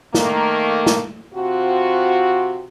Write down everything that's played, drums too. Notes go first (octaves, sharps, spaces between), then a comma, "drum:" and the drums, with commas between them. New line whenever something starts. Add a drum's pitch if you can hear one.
D#3 A3 A#3, drum: snare
drum: snare
C3 C4 F4 F#4